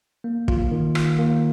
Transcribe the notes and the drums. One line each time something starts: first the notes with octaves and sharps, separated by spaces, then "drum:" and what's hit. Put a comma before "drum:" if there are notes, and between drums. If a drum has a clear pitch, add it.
A#3
F4, drum: kick
D#3
F4, drum: rim click
A#3